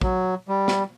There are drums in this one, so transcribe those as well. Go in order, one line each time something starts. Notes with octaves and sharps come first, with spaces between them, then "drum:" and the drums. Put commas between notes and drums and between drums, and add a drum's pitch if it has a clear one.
F#3, drum: kick
G3
drum: snare